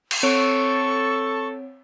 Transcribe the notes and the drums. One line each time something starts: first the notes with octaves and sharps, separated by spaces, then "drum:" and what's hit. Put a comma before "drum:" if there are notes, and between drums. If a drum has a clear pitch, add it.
drum: cymbal
C4 A4 C#5 C#6 D7